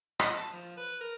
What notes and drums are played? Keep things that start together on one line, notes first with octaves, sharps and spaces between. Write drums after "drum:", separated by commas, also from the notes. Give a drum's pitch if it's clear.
D#5, drum: rim click
A5
F3
B4
A#4